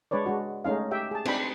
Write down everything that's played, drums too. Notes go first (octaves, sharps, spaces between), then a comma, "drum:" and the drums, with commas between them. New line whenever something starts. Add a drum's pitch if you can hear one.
G#3 D4 B4 C#5 D5
G#3 D4 F#4
G#3 A3 C#4 D#4 F5
G4 E5 G5
G#4 A5
C4 D4 D#4 G5 B5, drum: cymbal